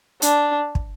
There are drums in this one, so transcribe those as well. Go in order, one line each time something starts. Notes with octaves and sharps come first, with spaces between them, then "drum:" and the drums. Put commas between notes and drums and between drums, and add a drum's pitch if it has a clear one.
D4, drum: hi-hat
drum: kick